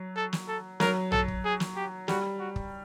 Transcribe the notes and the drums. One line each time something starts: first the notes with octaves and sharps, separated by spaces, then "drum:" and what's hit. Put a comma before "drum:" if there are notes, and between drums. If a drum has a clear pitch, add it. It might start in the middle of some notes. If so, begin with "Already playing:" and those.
Already playing: F#3
A4
drum: snare
A4
F#3 A#4, drum: snare
A4, drum: tom A#1
drum: kick
G#4
drum: snare
G4
G3 F#4, drum: snare
F#4
drum: kick